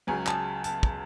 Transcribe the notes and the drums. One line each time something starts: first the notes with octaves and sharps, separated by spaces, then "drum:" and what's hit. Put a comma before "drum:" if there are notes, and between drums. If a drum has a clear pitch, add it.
C#2 C#3 F#3 G#5
A5, drum: clap
A5, drum: hi-hat
drum: kick